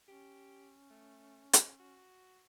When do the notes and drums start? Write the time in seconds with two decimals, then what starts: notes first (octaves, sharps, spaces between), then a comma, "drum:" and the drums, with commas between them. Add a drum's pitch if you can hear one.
0.08 C#4 G4
0.90 A3
1.53 drum: hi-hat
1.80 F#4